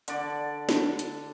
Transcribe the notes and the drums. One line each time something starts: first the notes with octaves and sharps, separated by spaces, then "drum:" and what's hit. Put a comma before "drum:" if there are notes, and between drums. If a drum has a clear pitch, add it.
D3 D5, drum: hi-hat
drum: snare
drum: hi-hat